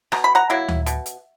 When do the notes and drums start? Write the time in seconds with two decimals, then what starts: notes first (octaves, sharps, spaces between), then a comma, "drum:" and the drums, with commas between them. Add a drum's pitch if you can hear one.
0.12 B2 A#5, drum: rim click
0.24 B5
0.35 F#5 A#5
0.50 F#3 A#3 E4
0.68 drum: tom D2
0.86 B2, drum: hi-hat
1.06 drum: hi-hat